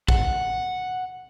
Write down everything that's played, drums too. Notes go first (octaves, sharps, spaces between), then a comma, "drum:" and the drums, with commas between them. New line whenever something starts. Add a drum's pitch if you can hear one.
F#5, drum: kick